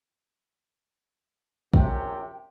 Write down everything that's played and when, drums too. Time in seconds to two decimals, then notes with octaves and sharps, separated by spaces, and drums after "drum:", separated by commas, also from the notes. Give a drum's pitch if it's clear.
1.74 A#1 F#2 C3 G5, drum: kick